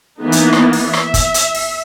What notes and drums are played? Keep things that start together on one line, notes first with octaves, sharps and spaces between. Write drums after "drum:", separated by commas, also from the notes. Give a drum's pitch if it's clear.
E3 A#3 B3 D#4
drum: hi-hat
drum: rim click
drum: open hi-hat
E5, drum: rim click
drum: kick, hi-hat
drum: hi-hat
drum: open hi-hat